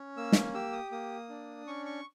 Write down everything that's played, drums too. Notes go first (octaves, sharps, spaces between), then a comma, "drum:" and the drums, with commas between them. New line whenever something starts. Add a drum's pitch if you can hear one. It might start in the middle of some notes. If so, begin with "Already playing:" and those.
Already playing: C#4
A#3 E6
drum: snare
G4 E6
D#6
A#3 D#6
D4
C#4 C#6
C#6